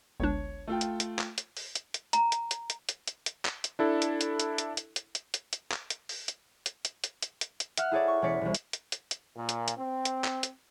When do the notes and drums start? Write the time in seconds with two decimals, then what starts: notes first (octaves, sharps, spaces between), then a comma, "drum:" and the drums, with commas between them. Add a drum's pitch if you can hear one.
0.20 G1 C#2 D4 C#5
0.67 A3 F4 G5
0.81 drum: hi-hat
1.00 drum: hi-hat
1.19 drum: clap
1.38 drum: hi-hat
1.57 drum: open hi-hat
1.75 drum: hi-hat
1.94 drum: hi-hat
2.13 A#5, drum: hi-hat
2.32 drum: hi-hat
2.51 drum: hi-hat
2.70 drum: hi-hat
2.89 drum: hi-hat
3.07 drum: hi-hat
3.26 drum: hi-hat
3.45 drum: clap
3.64 drum: hi-hat
3.79 D4 E4 A4
4.02 drum: hi-hat
4.21 drum: hi-hat
4.40 drum: hi-hat
4.58 drum: hi-hat
4.77 drum: hi-hat
4.96 drum: hi-hat
5.15 drum: hi-hat
5.34 drum: hi-hat
5.53 drum: hi-hat
5.72 drum: clap
5.90 drum: hi-hat
6.09 drum: open hi-hat
6.28 drum: hi-hat
6.66 drum: hi-hat
6.85 drum: hi-hat
7.04 drum: hi-hat
7.22 drum: hi-hat
7.41 drum: hi-hat
7.60 drum: hi-hat
7.77 E5 F#5 F6 F#6, drum: hi-hat
7.92 E4 G#4 A4 C#5 D5
8.08 C#6
8.22 E1 C#4 C#5 D5 B6 C#7
8.41 E1 C2
8.55 drum: hi-hat
8.73 drum: hi-hat
8.92 drum: hi-hat
9.11 drum: hi-hat
9.37 A#2
9.49 drum: hi-hat
9.68 drum: hi-hat
9.78 C4
10.05 drum: hi-hat
10.24 drum: clap
10.43 drum: hi-hat